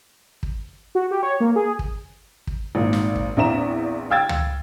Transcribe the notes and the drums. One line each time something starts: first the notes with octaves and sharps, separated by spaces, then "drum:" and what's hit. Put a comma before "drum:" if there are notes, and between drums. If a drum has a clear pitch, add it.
drum: kick
F#4
G4
C#5
A#3
G#4
drum: kick
drum: kick
G#1 A#2
drum: snare
drum: kick
A#1 E2 C4 E5 A#5 E7
F5 G5 E6 G#6 A6
drum: tom C#2